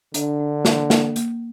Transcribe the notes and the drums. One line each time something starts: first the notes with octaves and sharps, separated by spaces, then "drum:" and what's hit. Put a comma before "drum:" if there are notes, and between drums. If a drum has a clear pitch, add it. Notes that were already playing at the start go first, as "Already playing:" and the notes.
D3 D4, drum: hi-hat
D4
A#3, drum: snare
A#3, drum: snare
A#3, drum: hi-hat